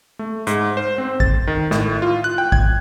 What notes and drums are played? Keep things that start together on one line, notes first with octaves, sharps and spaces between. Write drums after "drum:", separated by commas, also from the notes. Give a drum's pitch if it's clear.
A3
G#2, drum: hi-hat
C5
C4
A6, drum: kick
D#3
A2, drum: snare
F4
F#6
G5
G#6, drum: kick